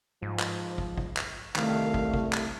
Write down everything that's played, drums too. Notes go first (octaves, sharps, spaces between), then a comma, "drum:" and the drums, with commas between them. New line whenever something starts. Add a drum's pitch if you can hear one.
G#2 F3
drum: clap
drum: kick
drum: kick
drum: clap
C2 D#3 A3 F5, drum: clap
drum: kick
drum: kick
drum: clap